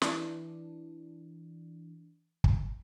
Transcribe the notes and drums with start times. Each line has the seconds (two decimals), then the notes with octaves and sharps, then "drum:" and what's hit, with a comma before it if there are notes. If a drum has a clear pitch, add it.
0.02 E3 D4, drum: snare
2.44 drum: kick